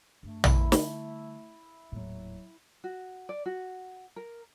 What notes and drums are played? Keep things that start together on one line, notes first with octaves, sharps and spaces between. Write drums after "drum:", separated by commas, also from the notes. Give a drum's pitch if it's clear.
G2 A3
D3 G3 E4, drum: tom A#1
drum: snare
D#1 A2 F#3
F#4
D5
F#4
A#4